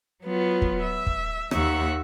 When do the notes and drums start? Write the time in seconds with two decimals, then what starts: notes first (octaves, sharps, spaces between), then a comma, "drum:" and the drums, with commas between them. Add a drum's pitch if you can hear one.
0.23 F#3 B3 F4
0.62 drum: kick
0.82 E5
1.07 drum: kick
1.51 D#2 D#4 E5 F#5 C#6, drum: rim click